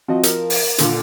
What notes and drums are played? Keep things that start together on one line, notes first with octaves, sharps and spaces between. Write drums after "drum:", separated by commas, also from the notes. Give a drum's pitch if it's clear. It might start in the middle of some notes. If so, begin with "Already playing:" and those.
F3 C4 F#4 D#5
A#4, drum: hi-hat
drum: open hi-hat
A#2 D3, drum: hi-hat